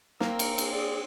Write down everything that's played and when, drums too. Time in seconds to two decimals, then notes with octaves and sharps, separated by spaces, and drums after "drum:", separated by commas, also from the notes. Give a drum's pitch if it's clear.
0.20 A#3 C4 A#4 E6, drum: snare
0.39 drum: cymbal
0.58 drum: cymbal
0.72 G#4 D5